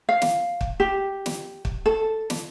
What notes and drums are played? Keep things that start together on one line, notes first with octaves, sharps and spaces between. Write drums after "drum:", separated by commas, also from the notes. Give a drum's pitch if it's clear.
F5
drum: snare
drum: kick
G4
drum: snare
drum: kick
A4
drum: snare